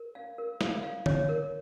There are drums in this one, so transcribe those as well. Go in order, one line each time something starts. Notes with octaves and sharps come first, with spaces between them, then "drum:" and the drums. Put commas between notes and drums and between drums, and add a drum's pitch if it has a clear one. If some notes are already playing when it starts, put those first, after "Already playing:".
Already playing: A#4
F5
A#4
F5, drum: snare
F5
C#5, drum: tom D3
A#4